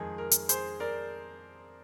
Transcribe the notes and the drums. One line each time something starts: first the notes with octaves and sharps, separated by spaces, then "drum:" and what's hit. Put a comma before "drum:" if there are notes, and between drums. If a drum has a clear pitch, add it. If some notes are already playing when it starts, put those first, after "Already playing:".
Already playing: F2 D#3 G#3 D#4 G#4
A#4
drum: hi-hat
G#4 C5, drum: hi-hat
A#4 D5